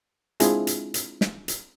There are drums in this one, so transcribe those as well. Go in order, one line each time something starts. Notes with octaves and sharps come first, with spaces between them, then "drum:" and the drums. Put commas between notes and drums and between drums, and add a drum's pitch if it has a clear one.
G#3 C4 D4 E4 F4 G#4, drum: hi-hat
drum: hi-hat
drum: hi-hat
drum: snare
drum: hi-hat